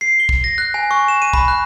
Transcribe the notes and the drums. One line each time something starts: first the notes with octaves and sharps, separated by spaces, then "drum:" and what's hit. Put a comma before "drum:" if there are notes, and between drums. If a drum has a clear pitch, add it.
C7
G7
drum: kick
A#6
F#6
G#5
C#6
E7
D#7
B5, drum: kick
F#6